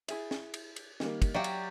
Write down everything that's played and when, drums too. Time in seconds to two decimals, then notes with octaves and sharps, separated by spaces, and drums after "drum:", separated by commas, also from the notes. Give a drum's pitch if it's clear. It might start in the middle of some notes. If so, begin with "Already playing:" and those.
0.08 E4 G#4 E5, drum: cymbal
0.31 drum: snare
0.54 drum: cymbal
0.76 drum: cymbal
1.00 D#3 G3 A#3, drum: snare
1.22 drum: kick, cymbal
1.34 F#3 G4 D5 E5 F5 G5
1.44 drum: cymbal